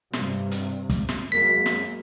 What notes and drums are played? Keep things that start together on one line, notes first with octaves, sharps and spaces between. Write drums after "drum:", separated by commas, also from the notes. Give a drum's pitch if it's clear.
G2 C3, drum: snare
drum: hi-hat
drum: kick, hi-hat
drum: snare
F#2 G#3 A#3 B6
drum: snare